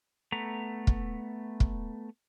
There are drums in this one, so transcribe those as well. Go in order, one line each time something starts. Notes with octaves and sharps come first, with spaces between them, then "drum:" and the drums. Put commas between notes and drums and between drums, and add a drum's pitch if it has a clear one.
A3 B3 A#5
drum: kick
drum: kick